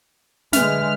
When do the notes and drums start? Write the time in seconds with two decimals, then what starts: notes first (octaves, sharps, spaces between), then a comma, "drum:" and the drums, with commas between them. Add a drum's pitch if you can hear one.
0.53 D3 G#3 B4 E5 F6, drum: snare